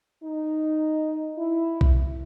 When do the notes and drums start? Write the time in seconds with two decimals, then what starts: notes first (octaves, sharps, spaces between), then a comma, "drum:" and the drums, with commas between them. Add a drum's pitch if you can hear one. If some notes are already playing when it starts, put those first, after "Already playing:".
0.22 D#4
1.37 E4
1.81 drum: kick B1